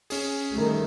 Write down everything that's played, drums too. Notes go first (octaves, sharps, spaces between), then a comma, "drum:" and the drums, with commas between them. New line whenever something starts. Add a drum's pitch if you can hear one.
C#4 G#4, drum: open hi-hat
D#3 G3 A3